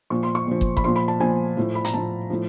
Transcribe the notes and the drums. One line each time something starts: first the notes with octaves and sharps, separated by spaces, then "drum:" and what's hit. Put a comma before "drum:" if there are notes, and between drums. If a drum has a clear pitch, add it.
A#2 F3 C#6
C6
C#6
A#2 F3
drum: kick
B5, drum: kick
A#2 F3 C6
B5
A5
A#2 F3 G#5
A2 F3
B5
A#5, drum: hi-hat
A2 F3 A5
A2 F3